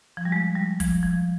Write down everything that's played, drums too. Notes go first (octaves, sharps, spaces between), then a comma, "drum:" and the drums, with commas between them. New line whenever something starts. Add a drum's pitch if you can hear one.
F3
G3
G#3
G3
F3, drum: kick, hi-hat
F3